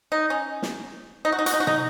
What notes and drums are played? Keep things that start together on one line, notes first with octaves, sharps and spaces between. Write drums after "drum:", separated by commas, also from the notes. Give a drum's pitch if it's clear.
D#4
C#4
drum: snare
D#4
F#4
D#4
F#4, drum: hi-hat
D#4
F#4
D#4, drum: tom